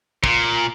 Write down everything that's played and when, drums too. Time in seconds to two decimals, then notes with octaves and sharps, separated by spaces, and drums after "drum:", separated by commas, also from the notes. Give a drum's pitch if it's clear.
0.24 A#2, drum: kick